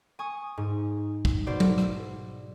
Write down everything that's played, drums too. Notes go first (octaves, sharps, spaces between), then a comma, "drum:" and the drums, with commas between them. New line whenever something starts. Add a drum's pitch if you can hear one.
G#5 C#6 D#6
G#2
drum: kick
B2 C5 D5
drum: tom
drum: rim click